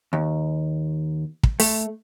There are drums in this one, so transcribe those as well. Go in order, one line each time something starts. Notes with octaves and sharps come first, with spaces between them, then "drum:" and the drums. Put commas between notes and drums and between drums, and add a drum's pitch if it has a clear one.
D#2
drum: kick
A3, drum: open hi-hat